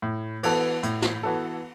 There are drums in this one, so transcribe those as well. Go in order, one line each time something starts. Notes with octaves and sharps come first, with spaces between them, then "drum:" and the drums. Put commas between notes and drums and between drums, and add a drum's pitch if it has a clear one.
A2
E3 B3 F#4 A4, drum: cymbal
A2, drum: hi-hat
drum: snare
E3 B3 F#4 A4